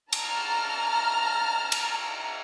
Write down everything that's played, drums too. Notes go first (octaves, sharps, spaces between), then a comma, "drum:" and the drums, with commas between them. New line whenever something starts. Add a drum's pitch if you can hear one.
A5 A#5 F6, drum: cymbal
drum: cymbal